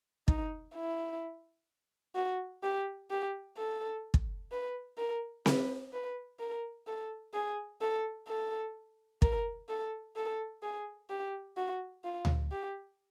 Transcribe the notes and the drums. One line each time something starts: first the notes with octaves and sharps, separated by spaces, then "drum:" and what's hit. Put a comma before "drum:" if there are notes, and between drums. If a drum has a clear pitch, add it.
D#4, drum: kick
E4
F#4
G4
G4
A4
drum: kick
B4
A#4
B4, drum: snare C4
B4
A#4
A4
G#4
A4
A4
A#4, drum: kick
A4
A4
G#4
G4
F#4
F4
drum: tom D2
G4